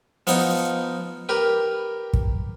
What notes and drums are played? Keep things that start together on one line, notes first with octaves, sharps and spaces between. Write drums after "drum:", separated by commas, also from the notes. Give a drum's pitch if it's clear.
F3 B3 D#4, drum: open hi-hat
G4 A#4 B4
drum: kick